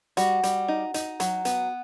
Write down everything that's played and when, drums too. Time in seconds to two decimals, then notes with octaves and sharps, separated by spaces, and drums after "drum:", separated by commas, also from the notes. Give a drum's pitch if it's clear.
0.17 G3 F#4, drum: hi-hat
0.43 G3, drum: hi-hat
0.68 D#4
0.94 D#4, drum: hi-hat
1.20 F#3, drum: hi-hat
1.45 B3, drum: hi-hat